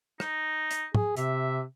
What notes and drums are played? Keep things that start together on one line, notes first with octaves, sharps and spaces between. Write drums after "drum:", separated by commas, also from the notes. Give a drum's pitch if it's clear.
D#4, drum: rim click
drum: hi-hat
G#4, drum: tom G#2
C3 E5, drum: hi-hat